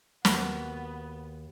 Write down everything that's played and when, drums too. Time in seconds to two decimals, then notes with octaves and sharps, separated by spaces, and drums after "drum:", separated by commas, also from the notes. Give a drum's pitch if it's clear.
0.25 D#2 B3 F#4, drum: snare